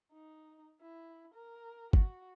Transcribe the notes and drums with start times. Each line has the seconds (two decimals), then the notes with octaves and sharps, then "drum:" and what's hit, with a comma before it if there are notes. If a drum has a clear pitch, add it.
0.12 D#4
0.81 E4
1.34 A#4
1.93 F#4, drum: kick G1